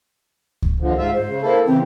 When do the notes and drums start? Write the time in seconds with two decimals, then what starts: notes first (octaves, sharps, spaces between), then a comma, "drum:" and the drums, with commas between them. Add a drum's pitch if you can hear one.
0.62 drum: kick C#2
0.80 D#2 D3 F3
0.98 G#2 F4 E5
1.14 G#2 C5
1.26 C#3
1.43 A#3 E4 A4
1.67 C#3 E3 C4 G4